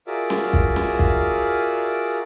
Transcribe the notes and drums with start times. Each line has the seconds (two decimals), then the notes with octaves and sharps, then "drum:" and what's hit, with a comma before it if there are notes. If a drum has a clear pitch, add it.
0.07 F4 F#4 G#4 A#4 D5 E5
0.30 drum: snare
0.53 drum: kick
0.76 drum: snare
0.99 drum: kick